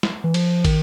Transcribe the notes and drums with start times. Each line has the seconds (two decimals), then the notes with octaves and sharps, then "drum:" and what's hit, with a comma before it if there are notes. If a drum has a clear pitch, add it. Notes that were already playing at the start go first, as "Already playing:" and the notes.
0.03 drum: snare
0.24 E3
0.34 F3, drum: cymbal
0.65 D#3, drum: kick, cymbal